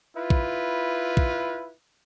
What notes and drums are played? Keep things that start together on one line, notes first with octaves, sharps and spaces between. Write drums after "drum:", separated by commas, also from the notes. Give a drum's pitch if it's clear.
E4 F4 B4
drum: kick
drum: kick